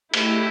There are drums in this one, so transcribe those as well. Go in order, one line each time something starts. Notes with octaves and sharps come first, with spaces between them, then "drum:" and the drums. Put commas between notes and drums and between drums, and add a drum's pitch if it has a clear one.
A3 E4 G4, drum: cymbal